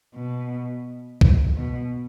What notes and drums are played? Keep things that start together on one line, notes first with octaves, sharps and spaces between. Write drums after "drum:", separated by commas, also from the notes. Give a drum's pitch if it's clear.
B2
drum: kick B1
B2